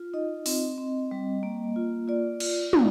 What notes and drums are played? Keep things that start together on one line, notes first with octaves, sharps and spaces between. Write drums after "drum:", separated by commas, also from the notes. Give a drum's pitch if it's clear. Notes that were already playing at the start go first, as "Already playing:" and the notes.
Already playing: F4
D#4 D#5
C4, drum: open hi-hat
C4
G3
A#3
F4
F4 D5
F4, drum: cymbal
D#4, drum: tom